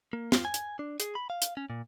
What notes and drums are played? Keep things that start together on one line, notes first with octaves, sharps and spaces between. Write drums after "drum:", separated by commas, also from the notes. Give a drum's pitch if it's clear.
A#3
F4, drum: snare
G#5
drum: hi-hat
D4
G#4, drum: hi-hat
B5
F5
drum: hi-hat
C#4
A#2